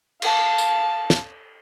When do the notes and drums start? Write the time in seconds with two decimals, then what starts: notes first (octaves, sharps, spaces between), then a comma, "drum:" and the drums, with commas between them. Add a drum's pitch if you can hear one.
0.22 F5 A5, drum: cymbal
0.58 drum: tambourine
1.10 drum: snare